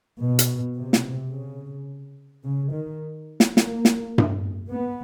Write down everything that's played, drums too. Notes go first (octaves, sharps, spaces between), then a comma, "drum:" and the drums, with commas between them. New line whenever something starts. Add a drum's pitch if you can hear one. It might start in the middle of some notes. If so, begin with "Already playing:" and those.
B2
drum: hi-hat
C3
drum: snare
C#3
C#3
D#3
drum: snare
A#3, drum: snare
drum: snare
drum: tom G2
B3